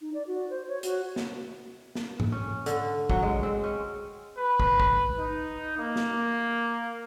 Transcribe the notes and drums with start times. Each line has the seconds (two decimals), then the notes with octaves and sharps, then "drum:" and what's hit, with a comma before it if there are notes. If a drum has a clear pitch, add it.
0.01 D#4
0.14 D5
0.27 F#4
0.50 C5
0.68 C#5
0.83 F#4, drum: hi-hat
1.16 drum: snare
1.95 drum: snare
2.20 drum: tom G#2
2.32 C#4
2.66 D3, drum: hi-hat
3.10 F#3, drum: kick
3.22 G#3
3.43 C4
3.64 C#4
4.37 B4
4.60 drum: kick
4.80 drum: kick
5.17 D#4
5.79 A#3
5.96 drum: snare